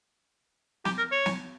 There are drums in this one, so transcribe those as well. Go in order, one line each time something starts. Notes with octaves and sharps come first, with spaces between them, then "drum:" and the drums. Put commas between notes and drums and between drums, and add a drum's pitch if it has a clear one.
G4, drum: snare
A#4
C#5
drum: snare